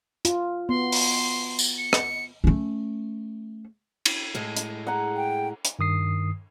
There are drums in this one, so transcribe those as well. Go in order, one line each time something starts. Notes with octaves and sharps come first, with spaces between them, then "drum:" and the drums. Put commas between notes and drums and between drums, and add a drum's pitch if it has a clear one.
F4, drum: hi-hat
B3 C6
drum: open hi-hat
drum: tambourine
C#7
drum: rim click
A3 C#4
drum: cymbal
A2 G#3
drum: hi-hat
G#4 F#5 A#5
G5
drum: hi-hat
G2 D#3 D#6 C7